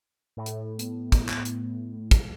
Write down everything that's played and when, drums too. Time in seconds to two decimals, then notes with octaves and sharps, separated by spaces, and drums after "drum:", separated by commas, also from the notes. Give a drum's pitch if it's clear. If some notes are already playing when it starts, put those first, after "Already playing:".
0.37 A2
0.46 drum: hi-hat
0.79 B3, drum: hi-hat
1.12 drum: kick, hi-hat
1.29 drum: clap
1.45 drum: hi-hat
2.11 drum: kick, hi-hat